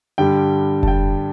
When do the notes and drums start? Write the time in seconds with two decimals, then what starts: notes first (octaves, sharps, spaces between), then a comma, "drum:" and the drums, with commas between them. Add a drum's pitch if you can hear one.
0.18 G2 D3 G3 G5
0.83 A5, drum: kick F1
0.88 G5